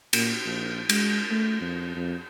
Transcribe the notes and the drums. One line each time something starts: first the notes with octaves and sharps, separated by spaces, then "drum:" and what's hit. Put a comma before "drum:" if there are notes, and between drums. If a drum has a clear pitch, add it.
A#2, drum: cymbal
A#1
G#3, drum: cymbal
A3
F2
F2